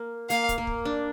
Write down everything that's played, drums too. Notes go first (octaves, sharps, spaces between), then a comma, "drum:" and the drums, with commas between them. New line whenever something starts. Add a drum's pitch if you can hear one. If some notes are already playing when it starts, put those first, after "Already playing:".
Already playing: A#3
A#3 F5, drum: hi-hat
drum: kick, hi-hat
A#3
drum: kick
D4